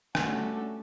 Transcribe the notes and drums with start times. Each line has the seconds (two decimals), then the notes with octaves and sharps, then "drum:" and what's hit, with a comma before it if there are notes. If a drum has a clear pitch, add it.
0.15 G3 A3 C#4 D4 F#4 A4, drum: rim click